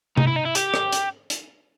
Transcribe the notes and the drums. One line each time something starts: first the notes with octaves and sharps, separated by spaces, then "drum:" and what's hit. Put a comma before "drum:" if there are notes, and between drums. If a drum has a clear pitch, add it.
D#4, drum: tom C3
E4
D#4
E4
G4, drum: hi-hat
drum: rim click
drum: hi-hat
drum: hi-hat